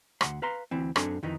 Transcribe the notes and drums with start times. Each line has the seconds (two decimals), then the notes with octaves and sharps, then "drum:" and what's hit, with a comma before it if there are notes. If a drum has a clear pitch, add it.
0.21 D2 E3 F#5 C6, drum: rim click
0.42 B4 F5 A#5 C6
0.71 D2 E3 C4
0.96 F#2 C4 D4 A4 G#5 C6, drum: rim click
1.23 F2 D#3 E3 D#4